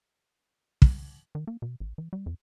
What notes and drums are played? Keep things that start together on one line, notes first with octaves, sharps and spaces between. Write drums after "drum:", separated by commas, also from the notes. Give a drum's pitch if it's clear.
drum: kick
D#3
A#3
B2
A1
E3
G3
F2